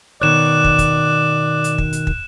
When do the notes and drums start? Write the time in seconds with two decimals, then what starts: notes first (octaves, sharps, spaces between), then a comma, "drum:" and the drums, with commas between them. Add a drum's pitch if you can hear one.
0.22 B2 D#3 C#5 D5 F#6 E7
0.64 drum: kick
0.79 drum: kick, hi-hat
1.64 drum: hi-hat
1.78 drum: kick
1.93 drum: hi-hat
2.07 drum: kick